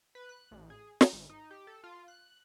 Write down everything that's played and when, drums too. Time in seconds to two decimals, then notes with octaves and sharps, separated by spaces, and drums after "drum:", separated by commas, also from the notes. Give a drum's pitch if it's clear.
0.15 B4
0.29 F#6
0.51 A1
0.70 G#4
1.01 D#4, drum: snare
1.13 G#1
1.29 D#4
1.51 G4
1.67 A4
1.84 F4
2.08 F#6